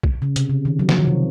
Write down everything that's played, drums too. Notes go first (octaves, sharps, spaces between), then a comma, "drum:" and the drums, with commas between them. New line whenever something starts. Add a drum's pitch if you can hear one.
drum: kick
C#3
C3, drum: hi-hat
C#3
D#3
F#3
F3, drum: snare
D#3
C3